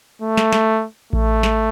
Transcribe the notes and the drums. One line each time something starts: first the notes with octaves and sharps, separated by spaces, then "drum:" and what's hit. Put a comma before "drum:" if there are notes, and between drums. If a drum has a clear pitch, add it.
A3
drum: snare
drum: snare
A3, drum: kick A1
drum: snare